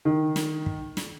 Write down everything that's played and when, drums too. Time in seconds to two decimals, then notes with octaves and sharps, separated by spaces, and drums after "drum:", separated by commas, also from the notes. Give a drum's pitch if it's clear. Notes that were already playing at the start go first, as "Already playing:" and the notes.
0.05 D#3
0.36 drum: snare
0.66 drum: kick
0.97 drum: snare